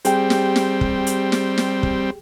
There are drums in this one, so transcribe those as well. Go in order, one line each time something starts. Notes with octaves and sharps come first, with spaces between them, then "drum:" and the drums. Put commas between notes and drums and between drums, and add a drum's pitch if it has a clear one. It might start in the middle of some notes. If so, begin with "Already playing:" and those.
G3 C4 G4 G#4 G5, drum: hi-hat
drum: snare
drum: snare
drum: kick
drum: hi-hat
drum: snare
drum: snare
drum: kick